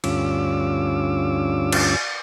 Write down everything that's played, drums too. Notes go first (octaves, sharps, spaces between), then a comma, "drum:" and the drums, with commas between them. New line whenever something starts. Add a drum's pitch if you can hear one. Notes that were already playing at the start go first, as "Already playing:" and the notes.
D2 G2 C#4 F4 D6 E6, drum: cymbal
drum: cymbal